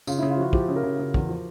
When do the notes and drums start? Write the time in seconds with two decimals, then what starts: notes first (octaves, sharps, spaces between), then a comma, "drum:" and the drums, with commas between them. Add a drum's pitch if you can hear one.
0.07 C#3 F4, drum: tambourine
0.19 E4
0.23 C#3
0.31 F4
0.38 F3 F#4
0.53 F3 G4, drum: kick
0.69 C#3
0.76 A#4
0.83 C#3
0.99 C#3
1.14 E2, drum: kick
1.29 F3